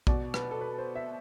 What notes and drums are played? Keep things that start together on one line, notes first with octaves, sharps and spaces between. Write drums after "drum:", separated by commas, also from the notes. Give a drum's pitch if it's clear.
B2 D5, drum: kick
B4, drum: rim click
A4
B4
C5
E5